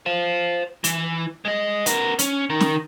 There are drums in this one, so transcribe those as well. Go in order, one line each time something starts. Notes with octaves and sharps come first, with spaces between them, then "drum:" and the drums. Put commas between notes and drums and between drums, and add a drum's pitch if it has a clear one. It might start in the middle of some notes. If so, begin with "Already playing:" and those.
C5 F5
E3, drum: hi-hat
G#3 D#5
B3 A#4, drum: hi-hat
C#4, drum: hi-hat
D#3 A#4
drum: snare